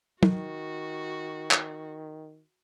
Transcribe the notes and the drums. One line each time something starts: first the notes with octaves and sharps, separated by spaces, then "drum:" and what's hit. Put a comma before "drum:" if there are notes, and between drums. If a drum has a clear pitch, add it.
D#3 F#4, drum: tom
drum: clap